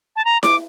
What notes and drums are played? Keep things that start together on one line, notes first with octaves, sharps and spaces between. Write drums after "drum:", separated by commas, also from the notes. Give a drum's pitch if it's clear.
A5
A#5
D6, drum: snare E4